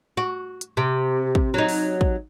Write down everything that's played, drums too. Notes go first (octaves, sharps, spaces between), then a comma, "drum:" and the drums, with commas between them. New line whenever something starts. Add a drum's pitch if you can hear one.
F#4
drum: hi-hat
C3
drum: kick
F#3 D#4
drum: open hi-hat
drum: kick